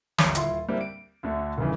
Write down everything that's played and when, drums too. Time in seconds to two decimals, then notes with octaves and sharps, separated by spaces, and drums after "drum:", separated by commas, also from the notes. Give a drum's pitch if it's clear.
0.18 G1 D2 C#5 A#5, drum: snare
0.35 D#1 E4 F4 C6, drum: hi-hat
0.68 G3 A#3 C4 D4 E4
0.81 D7
1.23 D2 D3 A3
1.58 F1 G2 C#3 E3